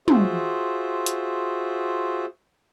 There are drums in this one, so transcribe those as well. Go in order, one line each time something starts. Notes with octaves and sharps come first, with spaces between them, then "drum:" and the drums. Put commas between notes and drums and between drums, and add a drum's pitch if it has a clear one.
F4 F#4 G#4 C5 E5, drum: tom
drum: hi-hat